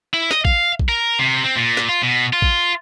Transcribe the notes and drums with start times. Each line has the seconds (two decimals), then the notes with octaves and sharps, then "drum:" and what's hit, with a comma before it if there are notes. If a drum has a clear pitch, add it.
0.14 E4
0.31 D#5, drum: snare
0.45 F5, drum: kick
0.79 drum: kick
0.89 A#4
1.19 C3
1.44 C4
1.56 A#2
1.77 drum: snare
1.89 F4
2.03 B2
2.33 F4
2.42 drum: kick